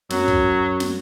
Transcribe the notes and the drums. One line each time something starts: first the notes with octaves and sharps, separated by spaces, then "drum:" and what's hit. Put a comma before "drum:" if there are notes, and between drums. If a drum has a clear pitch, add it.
F#2 F#3, drum: snare
drum: kick
drum: snare